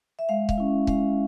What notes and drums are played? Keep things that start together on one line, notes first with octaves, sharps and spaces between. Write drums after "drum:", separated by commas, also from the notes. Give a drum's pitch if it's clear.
E5
G#3 F5
F5, drum: kick C#1
C#4 E4
G#3 F5, drum: kick C#1